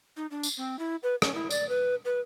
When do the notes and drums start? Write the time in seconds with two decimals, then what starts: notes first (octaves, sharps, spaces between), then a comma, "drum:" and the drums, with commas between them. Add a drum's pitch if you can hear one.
0.17 D#4
0.31 D4
0.43 drum: tambourine
0.58 C4
0.79 E4
1.03 B4
1.22 C#4, drum: rim click
1.35 E4
1.51 D5, drum: tambourine
1.69 B4
2.05 B4